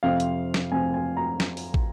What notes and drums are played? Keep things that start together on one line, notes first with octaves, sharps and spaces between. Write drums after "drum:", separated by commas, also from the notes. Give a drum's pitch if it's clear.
F2 C3 F3 C4 F5
drum: hi-hat
drum: snare
F2 C3 F3 C4 G#5
G#5
A#5
drum: snare
drum: open hi-hat
drum: kick